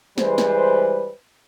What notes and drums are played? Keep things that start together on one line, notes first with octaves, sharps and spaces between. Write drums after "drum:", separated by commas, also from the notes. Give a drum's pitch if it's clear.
E3 G3 G#3 B4 C5, drum: snare
drum: snare